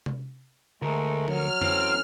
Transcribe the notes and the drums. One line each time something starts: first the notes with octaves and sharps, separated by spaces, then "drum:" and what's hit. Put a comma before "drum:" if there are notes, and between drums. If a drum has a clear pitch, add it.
drum: tom C3
D2 G#3 A3 A#4
F#3 F6, drum: tom F3
E3 C4 C#4, drum: tom F2